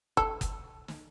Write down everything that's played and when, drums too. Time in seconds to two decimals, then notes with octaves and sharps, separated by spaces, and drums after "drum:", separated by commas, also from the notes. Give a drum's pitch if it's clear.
0.17 A4, drum: kick F#1
0.41 drum: kick F#1, hi-hat
0.88 drum: snare